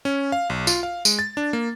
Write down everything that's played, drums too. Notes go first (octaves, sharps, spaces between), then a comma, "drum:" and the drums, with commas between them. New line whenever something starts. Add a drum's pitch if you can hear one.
C#4
F5
B1
F4, drum: tambourine
F5
G#3, drum: tambourine
A6
D4
A#3